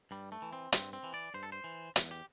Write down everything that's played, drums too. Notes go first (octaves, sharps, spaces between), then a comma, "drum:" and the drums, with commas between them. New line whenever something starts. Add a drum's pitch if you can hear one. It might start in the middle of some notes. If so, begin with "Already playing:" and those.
G2 G3
A3
E3
C4
G2 C4, drum: hi-hat
C4
E3
D5
G2 C5
A4
C5
E3
E2, drum: hi-hat
G4